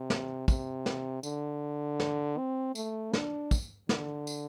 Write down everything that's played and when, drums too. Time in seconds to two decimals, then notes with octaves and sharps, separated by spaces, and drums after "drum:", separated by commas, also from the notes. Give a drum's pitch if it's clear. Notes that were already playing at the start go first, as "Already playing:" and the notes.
Already playing: C3
0.10 drum: snare
0.48 C3, drum: kick, tambourine
0.86 drum: snare
1.23 D3, drum: tambourine
2.00 drum: snare
2.38 C4
2.75 A3, drum: tambourine
3.13 D4, drum: snare
3.51 drum: kick, tambourine
3.89 D3, drum: snare
4.27 drum: tambourine